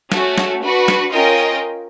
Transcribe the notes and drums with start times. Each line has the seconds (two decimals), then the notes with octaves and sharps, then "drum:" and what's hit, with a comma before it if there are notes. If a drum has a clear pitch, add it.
0.12 A3 C#4 F#4, drum: snare
0.38 drum: snare
0.63 D4 F#4 B4
0.88 drum: snare
1.13 C#4 F4 A#4 D#5 G5